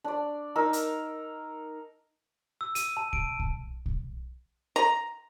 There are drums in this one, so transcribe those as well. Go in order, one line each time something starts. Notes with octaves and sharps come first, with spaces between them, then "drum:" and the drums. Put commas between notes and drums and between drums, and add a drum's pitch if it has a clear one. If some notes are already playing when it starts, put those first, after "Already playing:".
D4 D5
D#4 A#4 E6
drum: hi-hat
E6
D#7, drum: hi-hat
A5
D7, drum: kick B1
drum: kick B1
drum: kick B1
A#5